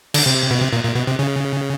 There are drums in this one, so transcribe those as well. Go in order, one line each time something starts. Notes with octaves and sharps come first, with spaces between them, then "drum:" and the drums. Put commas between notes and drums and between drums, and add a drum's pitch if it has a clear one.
D3, drum: cymbal
C3
B2
C3
A#2
A#2
B2
C3
C#3